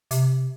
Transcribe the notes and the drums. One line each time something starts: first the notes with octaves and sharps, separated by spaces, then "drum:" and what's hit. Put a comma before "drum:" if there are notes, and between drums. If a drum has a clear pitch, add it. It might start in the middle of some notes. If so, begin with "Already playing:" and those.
C3, drum: hi-hat